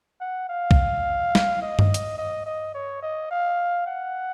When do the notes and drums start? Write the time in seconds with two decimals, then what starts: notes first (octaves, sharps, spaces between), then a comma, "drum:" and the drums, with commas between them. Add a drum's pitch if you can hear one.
0.21 F#5
0.49 F5
0.71 drum: kick
1.35 drum: snare
1.62 D#5
1.79 drum: tom G2
1.94 drum: hi-hat
2.18 D#5
2.46 D#5
2.74 C#5
3.02 D#5
3.31 F5
3.87 F#5